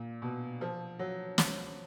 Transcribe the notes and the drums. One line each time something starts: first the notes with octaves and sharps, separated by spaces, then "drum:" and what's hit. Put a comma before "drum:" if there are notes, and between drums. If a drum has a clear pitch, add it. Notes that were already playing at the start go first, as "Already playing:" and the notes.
Already playing: A#2
B2
F3
F#3
drum: snare